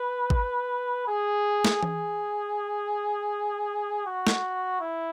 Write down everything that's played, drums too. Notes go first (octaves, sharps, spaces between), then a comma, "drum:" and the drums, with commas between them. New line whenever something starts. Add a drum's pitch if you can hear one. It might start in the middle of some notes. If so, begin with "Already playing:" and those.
Already playing: B4
drum: kick G#1
G#4
drum: snare
G#4, drum: tom E3
F#4
drum: snare
E4